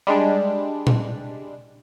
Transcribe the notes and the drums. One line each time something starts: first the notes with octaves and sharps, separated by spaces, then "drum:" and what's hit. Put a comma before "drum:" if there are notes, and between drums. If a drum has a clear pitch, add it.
G3 G#3 D4
drum: tom A#2